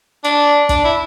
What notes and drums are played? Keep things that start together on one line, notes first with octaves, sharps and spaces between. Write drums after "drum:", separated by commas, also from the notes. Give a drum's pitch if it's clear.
D4, drum: hi-hat
D4, drum: kick, hi-hat
E4